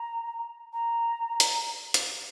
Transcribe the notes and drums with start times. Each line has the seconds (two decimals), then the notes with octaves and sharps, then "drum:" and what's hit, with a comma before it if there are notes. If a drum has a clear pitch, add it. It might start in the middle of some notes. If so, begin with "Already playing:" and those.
Already playing: A#5
0.73 A#5
1.40 drum: hi-hat
1.94 drum: hi-hat